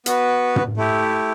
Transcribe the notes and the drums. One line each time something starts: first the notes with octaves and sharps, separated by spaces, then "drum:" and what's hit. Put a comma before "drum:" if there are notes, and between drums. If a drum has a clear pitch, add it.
B3 F#4 B4, drum: hi-hat
drum: tom
A3 E4 G4